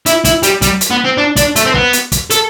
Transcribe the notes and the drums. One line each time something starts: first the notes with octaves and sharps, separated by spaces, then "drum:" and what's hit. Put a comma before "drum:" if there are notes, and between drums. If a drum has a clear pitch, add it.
E4, drum: hi-hat
E4, drum: kick, hi-hat
G3, drum: hi-hat
G3, drum: kick, hi-hat
drum: hi-hat
B3
C4
D4
D4, drum: kick, hi-hat
A3, drum: hi-hat
C4
B3, drum: kick
drum: hi-hat
drum: kick, hi-hat
A4, drum: hi-hat